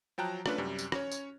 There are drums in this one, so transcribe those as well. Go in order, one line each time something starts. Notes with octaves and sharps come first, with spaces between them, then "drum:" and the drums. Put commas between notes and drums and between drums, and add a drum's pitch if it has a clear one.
F3 F#3 G5 A5 A#5 F#6
A3 C#4 D4 F4 B4, drum: rim click
F#2 C3 G3
drum: tambourine
C#4 C#5, drum: rim click
drum: tambourine